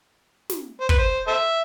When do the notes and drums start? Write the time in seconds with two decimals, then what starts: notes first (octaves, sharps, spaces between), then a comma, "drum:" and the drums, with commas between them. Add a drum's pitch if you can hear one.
0.50 drum: snare
0.80 C5
0.89 B4, drum: kick
0.98 C5
1.27 A4 C5 E5